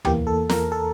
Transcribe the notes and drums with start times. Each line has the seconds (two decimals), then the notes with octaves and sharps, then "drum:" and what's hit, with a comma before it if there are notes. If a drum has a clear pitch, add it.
0.05 E2 E3 A#3 G4, drum: tom D2
0.27 A4
0.50 A#4, drum: snare
0.72 A4